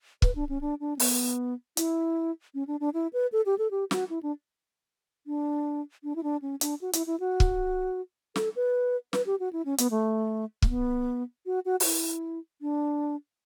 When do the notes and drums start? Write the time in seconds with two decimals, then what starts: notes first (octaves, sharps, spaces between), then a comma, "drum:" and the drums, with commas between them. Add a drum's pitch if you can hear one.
0.22 B4, drum: kick
0.35 D4
0.49 C#4
0.61 D4
0.80 D4
0.96 C#4
1.00 B3, drum: open hi-hat
1.77 E4, drum: hi-hat
2.54 C#4
2.67 D4
2.80 D4
2.94 E4
3.13 B4
3.32 A4
3.46 G4
3.58 A4
3.71 G4
3.91 F#4, drum: snare
4.10 E4
4.23 D4
5.27 D4
6.03 D4
6.16 E4
6.23 D4
6.42 C#4
6.61 D4, drum: hi-hat
6.81 F#4
6.93 E4, drum: hi-hat
7.07 E4
7.20 F#4
7.40 drum: kick
8.36 A4, drum: snare
8.56 B4
9.13 B4, drum: snare
9.26 G4
9.40 F#4
9.53 E4
9.65 C#4
9.78 B3, drum: hi-hat
9.91 A3
10.62 A3, drum: kick
10.69 B3
11.46 F#4
11.65 F#4
11.80 F#4, drum: open hi-hat
11.85 E4
12.62 D4